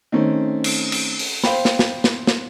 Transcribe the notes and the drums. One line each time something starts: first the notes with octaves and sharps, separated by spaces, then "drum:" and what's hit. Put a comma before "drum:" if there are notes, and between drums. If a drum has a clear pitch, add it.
D#3 A3 C4 C#4
drum: cymbal
drum: cymbal
drum: open hi-hat
C5 F5 G5 B5, drum: snare
drum: snare
drum: snare
drum: snare
drum: snare